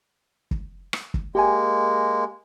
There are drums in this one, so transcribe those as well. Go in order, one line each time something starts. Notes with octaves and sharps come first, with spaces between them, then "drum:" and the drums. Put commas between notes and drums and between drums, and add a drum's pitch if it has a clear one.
drum: kick
drum: rim click
drum: kick
G#3 A#3 G4 G#5